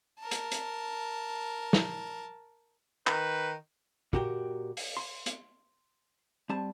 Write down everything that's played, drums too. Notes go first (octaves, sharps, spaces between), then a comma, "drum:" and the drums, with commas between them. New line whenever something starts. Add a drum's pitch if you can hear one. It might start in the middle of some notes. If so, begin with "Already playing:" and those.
A#4 A5
drum: hi-hat
drum: hi-hat
drum: snare
D#3 B4, drum: clap
A#2 F#4 G4 A#4 G5, drum: kick
drum: open hi-hat
C6
drum: hi-hat
G3 C4 A5